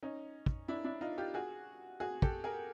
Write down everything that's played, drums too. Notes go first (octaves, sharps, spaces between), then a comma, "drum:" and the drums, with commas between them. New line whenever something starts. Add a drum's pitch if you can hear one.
C#4 D#4
drum: kick
D4 E4
D4 E4
D#4 F4
F4 G4
F#4 G#4
F#4 G#4
G4 A4, drum: kick
G#4 A#4